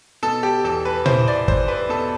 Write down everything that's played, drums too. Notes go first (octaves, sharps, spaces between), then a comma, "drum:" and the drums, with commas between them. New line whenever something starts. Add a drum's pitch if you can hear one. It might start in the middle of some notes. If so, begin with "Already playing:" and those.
B2 A4
G4
E2 A4
B4
E4 C5, drum: tom A#2
D5
A3 C5, drum: kick
B4
B2 A4